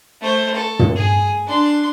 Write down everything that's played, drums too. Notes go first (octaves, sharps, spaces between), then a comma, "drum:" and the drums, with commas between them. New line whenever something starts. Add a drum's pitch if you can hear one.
A3 C5
A4
drum: tom
G#4
D4 C6